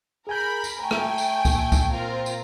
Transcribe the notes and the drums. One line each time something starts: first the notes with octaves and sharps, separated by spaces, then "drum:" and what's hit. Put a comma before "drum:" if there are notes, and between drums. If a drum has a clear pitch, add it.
G#4 A#4 G#5 B5 G6
drum: tambourine
A3 G5 G#5 A#5
drum: rim click
drum: tambourine
A#2, drum: kick, tambourine
drum: kick, tambourine
C4 F4 A#4
drum: tambourine